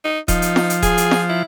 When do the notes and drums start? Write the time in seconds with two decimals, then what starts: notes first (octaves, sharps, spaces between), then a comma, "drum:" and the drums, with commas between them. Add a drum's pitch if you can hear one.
0.05 D#4
0.28 F3 D#4, drum: kick D#1, hi-hat
0.42 drum: hi-hat
0.56 drum: snare F4
0.70 drum: hi-hat
0.82 G#4, drum: kick D#1, hi-hat
0.97 drum: hi-hat
1.11 drum: snare F4
1.30 E4